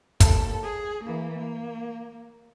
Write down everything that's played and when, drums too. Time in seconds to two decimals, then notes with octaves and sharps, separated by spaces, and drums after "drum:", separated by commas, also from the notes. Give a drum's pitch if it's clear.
0.20 D#2 A4, drum: kick, hi-hat
0.63 G#4
1.04 E3 A#3
1.38 A#3